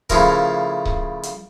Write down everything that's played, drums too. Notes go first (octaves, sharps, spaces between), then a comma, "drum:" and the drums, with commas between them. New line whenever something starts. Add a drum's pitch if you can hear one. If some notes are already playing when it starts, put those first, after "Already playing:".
A2 C#3 F3 E4 A#4, drum: kick C#1, hi-hat
drum: kick C#1
drum: hi-hat